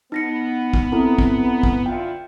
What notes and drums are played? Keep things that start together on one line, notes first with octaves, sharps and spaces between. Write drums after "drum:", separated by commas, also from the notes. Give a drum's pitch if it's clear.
B3 D#4 A#6 C#7
drum: kick
C4 E4 A4
drum: kick
drum: kick
D3 E4 F4 G5